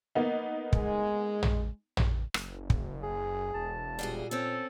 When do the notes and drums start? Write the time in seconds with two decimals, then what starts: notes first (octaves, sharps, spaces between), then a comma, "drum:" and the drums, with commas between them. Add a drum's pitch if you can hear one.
0.15 A#3 B3 D#4
0.73 G#3, drum: kick
1.43 drum: tom
1.97 drum: tom
2.34 F#1, drum: rim click
2.70 drum: kick
3.03 G#4
3.55 E1 A5
3.99 A#2 G3 F#4 G#4
4.31 C4 C#4 A4